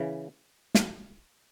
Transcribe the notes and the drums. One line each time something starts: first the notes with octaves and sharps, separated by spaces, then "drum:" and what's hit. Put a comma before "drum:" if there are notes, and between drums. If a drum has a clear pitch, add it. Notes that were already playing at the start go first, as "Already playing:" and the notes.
Already playing: C#3 E3
drum: snare